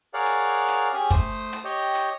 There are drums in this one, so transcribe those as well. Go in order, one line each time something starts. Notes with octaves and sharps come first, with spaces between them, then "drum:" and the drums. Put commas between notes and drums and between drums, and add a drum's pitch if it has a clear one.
G#4 A#4 C#5 D5 F5 F#5
drum: hi-hat
drum: hi-hat
C#4 G4 G#4 G#5
A3 C5 D#6, drum: kick, hi-hat
drum: hi-hat
G4 C#5 D#5 G5
drum: hi-hat